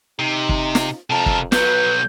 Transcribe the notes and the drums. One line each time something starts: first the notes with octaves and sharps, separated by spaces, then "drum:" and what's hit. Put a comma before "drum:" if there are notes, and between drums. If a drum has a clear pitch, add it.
C3 D#4
drum: kick
drum: snare
F2 C3 A#4 A5
drum: kick
B1 F#3 B4 G6, drum: snare